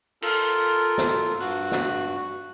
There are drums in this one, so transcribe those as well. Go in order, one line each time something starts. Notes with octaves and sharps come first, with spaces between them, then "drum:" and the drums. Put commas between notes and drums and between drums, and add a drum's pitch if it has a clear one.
F4 A4 A#4, drum: cymbal
drum: snare
G2 F#4 F#6, drum: open hi-hat
drum: snare